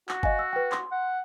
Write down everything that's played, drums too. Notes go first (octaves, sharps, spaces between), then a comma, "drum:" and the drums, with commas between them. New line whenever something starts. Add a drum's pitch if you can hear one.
F#4, drum: clap
D#5 F5 G#5, drum: kick G1
E6
B4 G5
C6, drum: clap
F#5